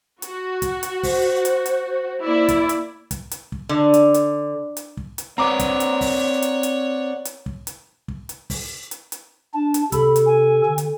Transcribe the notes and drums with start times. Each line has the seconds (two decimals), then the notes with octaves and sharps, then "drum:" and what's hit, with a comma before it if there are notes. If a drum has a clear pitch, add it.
0.22 F#4, drum: hi-hat
0.62 drum: kick, hi-hat
0.83 drum: hi-hat
1.03 C5, drum: kick, open hi-hat
1.45 drum: hi-hat
1.66 drum: hi-hat
2.23 A#3 E4 D5
2.49 drum: kick, hi-hat
2.69 drum: hi-hat
3.11 drum: kick, hi-hat
3.31 drum: hi-hat
3.52 drum: kick
3.69 D3
3.94 drum: hi-hat
4.14 drum: hi-hat
4.77 drum: hi-hat
4.97 drum: kick
5.18 drum: hi-hat
5.38 C4 B4 C#5 D5 F#5 A#5 D6
5.60 drum: kick, hi-hat
5.80 drum: hi-hat
6.01 drum: kick, open hi-hat
6.42 drum: hi-hat
6.63 drum: hi-hat
7.25 drum: hi-hat
7.46 drum: kick
7.67 drum: hi-hat
8.08 drum: kick
8.29 drum: hi-hat
8.50 drum: kick, open hi-hat
8.91 drum: hi-hat
9.12 drum: hi-hat
9.54 D4 A5
9.74 drum: hi-hat
9.92 C3 A4 B5, drum: kick, hi-hat
10.16 drum: hi-hat
10.26 G#5
10.66 D3
10.78 drum: hi-hat